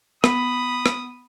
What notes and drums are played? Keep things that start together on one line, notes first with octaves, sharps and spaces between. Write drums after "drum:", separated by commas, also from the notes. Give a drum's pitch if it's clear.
B3 B5 D#6, drum: rim click
drum: rim click